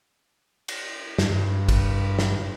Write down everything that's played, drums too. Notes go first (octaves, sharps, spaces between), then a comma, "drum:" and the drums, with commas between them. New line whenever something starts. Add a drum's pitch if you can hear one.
drum: cymbal
G2, drum: snare
drum: kick, cymbal
drum: snare